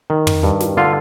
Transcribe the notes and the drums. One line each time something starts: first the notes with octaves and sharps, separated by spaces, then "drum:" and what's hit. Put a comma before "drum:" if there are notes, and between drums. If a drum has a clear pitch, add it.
D#3
drum: tom
G2
drum: snare
D3 F4